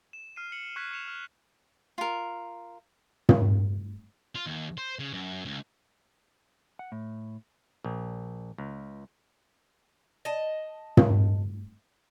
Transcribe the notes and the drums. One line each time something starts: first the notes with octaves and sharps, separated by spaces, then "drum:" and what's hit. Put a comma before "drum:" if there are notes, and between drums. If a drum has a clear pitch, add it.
E7
F6 C7 D#7
C#7 F#7
C#6 F#6 G#6 B6
C#6 C#7 E7 F7
F6
F4 A#4
drum: tom
F4
D#2
C5
C#3
F#2
C#2
F#5
A2
A#1
C#2
D#5 A5
drum: tom